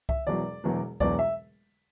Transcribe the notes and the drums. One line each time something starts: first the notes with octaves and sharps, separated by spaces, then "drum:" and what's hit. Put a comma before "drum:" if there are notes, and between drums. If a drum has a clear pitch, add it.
E5, drum: kick C2
E1 E2 B2 F#3 D5
E1 E2 B2 F#3
E1 E2 B2 F#3 D5, drum: kick C2
E5